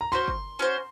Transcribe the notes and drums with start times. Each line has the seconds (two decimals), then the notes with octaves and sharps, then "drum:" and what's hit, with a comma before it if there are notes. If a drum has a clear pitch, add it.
0.01 A#5
0.12 C#4 F#4 C5 C6
0.28 drum: kick G1
0.59 C#4 F#4 C5